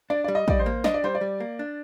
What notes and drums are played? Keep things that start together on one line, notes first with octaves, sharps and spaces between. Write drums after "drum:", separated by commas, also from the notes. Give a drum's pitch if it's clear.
D4 D5
G3 D5
D#5
G3 D5, drum: kick
C5
A#3
D4 D#5, drum: snare
D5
G3 C5
D5
G3
A#3
D4